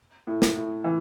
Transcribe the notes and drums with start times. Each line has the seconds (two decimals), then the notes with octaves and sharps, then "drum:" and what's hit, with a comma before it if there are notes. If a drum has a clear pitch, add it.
0.27 A2
0.42 drum: snare
0.56 A2
0.84 E3